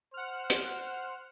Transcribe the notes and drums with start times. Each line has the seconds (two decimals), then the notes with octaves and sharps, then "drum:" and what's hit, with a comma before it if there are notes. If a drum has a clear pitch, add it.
0.14 C5 F#5 F6
0.50 drum: hi-hat